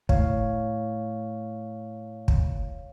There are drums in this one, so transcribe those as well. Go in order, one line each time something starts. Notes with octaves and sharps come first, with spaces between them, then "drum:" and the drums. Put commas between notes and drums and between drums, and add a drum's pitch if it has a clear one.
A2 C#5 F5, drum: kick
drum: kick